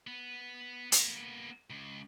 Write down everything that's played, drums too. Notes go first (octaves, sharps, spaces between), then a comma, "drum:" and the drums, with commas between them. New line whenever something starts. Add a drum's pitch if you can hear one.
B3
A#3 B3, drum: hi-hat
C#2